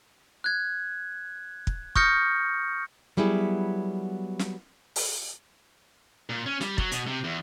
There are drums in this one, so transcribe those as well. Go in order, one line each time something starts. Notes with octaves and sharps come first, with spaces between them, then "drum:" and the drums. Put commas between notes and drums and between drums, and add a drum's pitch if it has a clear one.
F#6 G#6
drum: kick
C#6 D#6 F6 G6 A#6 C#7, drum: kick
F#3 G3 B3 E4 G#4
drum: snare
drum: open hi-hat
A#2
C#4
G3, drum: snare
F#3, drum: kick
B2, drum: hi-hat
C3
E2